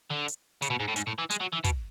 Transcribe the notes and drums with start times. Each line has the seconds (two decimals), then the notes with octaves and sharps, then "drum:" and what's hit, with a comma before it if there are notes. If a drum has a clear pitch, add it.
0.11 D3
0.28 drum: hi-hat
0.62 C#3, drum: hi-hat
0.70 B2
0.80 G#2
0.88 A2
0.96 G#2, drum: hi-hat
1.07 A2
1.19 E3
1.30 G#3, drum: hi-hat
1.41 F#3
1.53 E3
1.64 B2, drum: kick, hi-hat